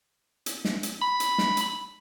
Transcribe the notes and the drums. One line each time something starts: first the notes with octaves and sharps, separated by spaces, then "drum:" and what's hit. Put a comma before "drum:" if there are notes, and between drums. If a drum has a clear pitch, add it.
drum: hi-hat
drum: snare
drum: hi-hat
B5
drum: hi-hat
drum: snare
drum: hi-hat